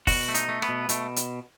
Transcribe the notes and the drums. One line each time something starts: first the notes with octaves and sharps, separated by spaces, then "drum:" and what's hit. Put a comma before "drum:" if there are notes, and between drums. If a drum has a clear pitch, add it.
B2 F#4, drum: kick, open hi-hat
A3
D#4, drum: hi-hat
A3
B3, drum: rim click
B2
B2 A3, drum: hi-hat
drum: hi-hat